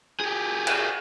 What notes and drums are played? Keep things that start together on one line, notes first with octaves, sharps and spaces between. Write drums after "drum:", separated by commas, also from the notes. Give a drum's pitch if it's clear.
G4 G#4
drum: cymbal